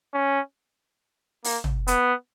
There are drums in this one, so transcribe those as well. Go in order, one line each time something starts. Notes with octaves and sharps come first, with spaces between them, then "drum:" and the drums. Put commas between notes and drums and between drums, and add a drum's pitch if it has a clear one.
C#4
A#3, drum: open hi-hat
drum: tom
B3, drum: hi-hat